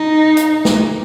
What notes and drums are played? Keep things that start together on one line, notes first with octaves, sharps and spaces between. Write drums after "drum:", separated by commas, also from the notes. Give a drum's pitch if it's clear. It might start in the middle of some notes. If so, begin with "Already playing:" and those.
Already playing: D#4
drum: hi-hat
drum: snare